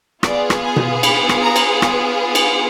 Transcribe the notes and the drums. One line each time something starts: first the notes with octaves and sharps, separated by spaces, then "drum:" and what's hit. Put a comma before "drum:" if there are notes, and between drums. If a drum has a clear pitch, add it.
B3 F4 G#4 D5, drum: rim click
drum: rim click
G#5
drum: tom B2
B5, drum: cymbal
drum: rim click
A#5
drum: cymbal
drum: rim click
drum: cymbal